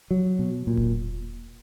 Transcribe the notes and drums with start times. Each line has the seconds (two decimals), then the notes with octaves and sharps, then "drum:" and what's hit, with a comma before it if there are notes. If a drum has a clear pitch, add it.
0.11 F#3
0.39 B2
0.67 A#2
0.77 drum: kick E1